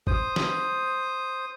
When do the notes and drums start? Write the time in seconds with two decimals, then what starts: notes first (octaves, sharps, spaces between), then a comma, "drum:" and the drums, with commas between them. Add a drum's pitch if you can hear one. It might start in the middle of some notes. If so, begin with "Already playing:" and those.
0.07 C5 D#6, drum: kick G#1
0.36 drum: snare